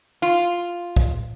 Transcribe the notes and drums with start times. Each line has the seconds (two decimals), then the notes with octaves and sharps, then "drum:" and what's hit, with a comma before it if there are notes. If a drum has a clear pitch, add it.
0.22 F4
0.96 drum: kick